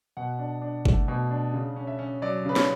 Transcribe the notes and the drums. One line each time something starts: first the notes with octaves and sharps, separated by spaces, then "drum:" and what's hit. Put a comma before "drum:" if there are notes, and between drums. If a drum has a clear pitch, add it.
B2 F#5
D4
D4
A3, drum: kick G1
B2
D4
C#3
C#4
E5
C#4
F#3 D5
C#3 B4
C#5, drum: snare